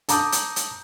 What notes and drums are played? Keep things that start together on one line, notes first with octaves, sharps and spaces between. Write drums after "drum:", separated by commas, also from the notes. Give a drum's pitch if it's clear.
A5 A#5 D6 D#6 G6, drum: hi-hat
drum: hi-hat
drum: hi-hat